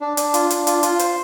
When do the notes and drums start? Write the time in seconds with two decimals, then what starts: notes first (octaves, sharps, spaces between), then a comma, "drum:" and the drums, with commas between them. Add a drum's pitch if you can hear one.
0.01 D4
0.17 D4, drum: hi-hat
0.34 F4, drum: hi-hat
0.50 D4, drum: hi-hat
0.67 F4, drum: hi-hat
0.83 F4, drum: hi-hat
0.99 C5, drum: hi-hat